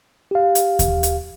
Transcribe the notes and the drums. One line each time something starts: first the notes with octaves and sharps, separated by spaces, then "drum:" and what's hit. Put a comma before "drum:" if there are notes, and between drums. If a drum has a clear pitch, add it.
G4 F5
drum: hi-hat
drum: kick D#2, hi-hat
drum: hi-hat